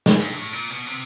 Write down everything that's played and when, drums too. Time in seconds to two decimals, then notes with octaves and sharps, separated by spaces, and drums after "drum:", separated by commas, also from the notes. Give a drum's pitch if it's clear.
0.06 drum: snare
0.20 G2
0.37 A2
0.53 A#2
0.70 B2
0.87 C3